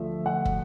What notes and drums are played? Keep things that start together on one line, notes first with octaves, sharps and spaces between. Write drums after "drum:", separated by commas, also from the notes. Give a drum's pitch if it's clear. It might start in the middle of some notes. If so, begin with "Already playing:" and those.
Already playing: D2 D3 F3 A3 E5
F#5
drum: kick